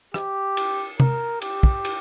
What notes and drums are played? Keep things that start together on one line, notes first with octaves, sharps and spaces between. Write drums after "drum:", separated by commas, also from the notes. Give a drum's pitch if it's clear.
G4, drum: rim click
drum: cymbal
A#4, drum: tom
G4, drum: cymbal
drum: kick
drum: cymbal